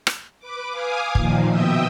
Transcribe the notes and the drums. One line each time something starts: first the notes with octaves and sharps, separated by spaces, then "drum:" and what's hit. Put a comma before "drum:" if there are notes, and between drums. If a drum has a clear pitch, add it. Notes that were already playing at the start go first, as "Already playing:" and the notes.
drum: rim click
B4 D6
F5 G#5 D6 D#6
A#2 D#3 F3, drum: kick
B2 D#5 E5 G5 D#6 E6